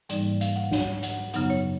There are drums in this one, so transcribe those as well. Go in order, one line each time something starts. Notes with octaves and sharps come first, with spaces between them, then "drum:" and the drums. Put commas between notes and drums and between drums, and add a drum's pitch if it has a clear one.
G#2 E3 G3 A#3 D#4 D5, drum: hi-hat
F5, drum: hi-hat
F#5
F#5, drum: snare
F#5, drum: hi-hat
F#2 C#3 F#3 B3 D#4 F#5, drum: hi-hat
C#5